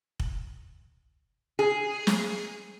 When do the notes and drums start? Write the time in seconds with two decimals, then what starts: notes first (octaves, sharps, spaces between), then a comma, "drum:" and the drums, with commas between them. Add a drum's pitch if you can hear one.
0.20 drum: kick
1.59 G#4
2.07 drum: snare